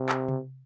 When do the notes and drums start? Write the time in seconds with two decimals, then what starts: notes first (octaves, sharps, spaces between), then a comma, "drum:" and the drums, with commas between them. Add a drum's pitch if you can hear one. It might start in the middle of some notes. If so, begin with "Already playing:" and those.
Already playing: C3
0.09 drum: clap
0.28 drum: tom C3